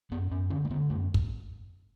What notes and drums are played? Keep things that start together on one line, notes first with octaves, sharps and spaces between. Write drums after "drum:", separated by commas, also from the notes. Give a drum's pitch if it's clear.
F#2 B3
F#2 C#4
D3 C#4
A3
D3 B3
F#2 A3
drum: kick